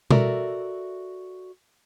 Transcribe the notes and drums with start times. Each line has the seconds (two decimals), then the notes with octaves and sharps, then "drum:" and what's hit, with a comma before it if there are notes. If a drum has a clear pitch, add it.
0.11 F#4 A4 A#4 D5 E5, drum: tom B2